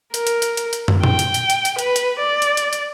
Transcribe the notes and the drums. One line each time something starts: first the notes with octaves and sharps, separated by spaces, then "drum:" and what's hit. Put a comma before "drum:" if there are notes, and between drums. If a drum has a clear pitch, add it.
A#4, drum: hi-hat
drum: hi-hat
drum: hi-hat
drum: hi-hat
drum: hi-hat
drum: tom
G5, drum: tom A#2
drum: hi-hat
drum: hi-hat
drum: hi-hat
drum: hi-hat
B4, drum: hi-hat
drum: hi-hat
D5
drum: hi-hat
drum: hi-hat
drum: hi-hat